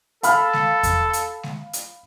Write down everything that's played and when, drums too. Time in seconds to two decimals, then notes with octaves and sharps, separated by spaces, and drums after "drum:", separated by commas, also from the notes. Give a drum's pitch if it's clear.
0.23 A4 F5 B5 F6, drum: hi-hat
0.53 drum: snare G#3
0.83 drum: kick E2, hi-hat
1.13 drum: hi-hat
1.43 drum: snare G#3
1.73 drum: hi-hat